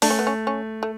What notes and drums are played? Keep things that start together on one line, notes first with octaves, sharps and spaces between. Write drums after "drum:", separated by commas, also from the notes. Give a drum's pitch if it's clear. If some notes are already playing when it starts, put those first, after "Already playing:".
A3 D4, drum: open hi-hat
C#4
B3
C#4
C#4
A3